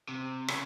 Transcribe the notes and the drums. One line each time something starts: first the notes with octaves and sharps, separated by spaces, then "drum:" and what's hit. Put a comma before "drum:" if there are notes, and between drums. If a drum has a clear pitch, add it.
C3
C#3, drum: rim click